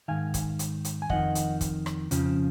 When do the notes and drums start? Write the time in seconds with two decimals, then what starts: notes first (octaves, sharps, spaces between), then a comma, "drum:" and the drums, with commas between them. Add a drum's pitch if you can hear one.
0.08 G#2 D#3 F5 G#5
0.34 drum: kick, hi-hat
0.59 drum: hi-hat
0.85 drum: hi-hat
1.02 G#5
1.09 F2 D#3 D#5 F#5, drum: kick
1.35 drum: hi-hat
1.61 drum: kick, hi-hat
1.86 drum: rim click
2.11 F2 C#3 F3, drum: hi-hat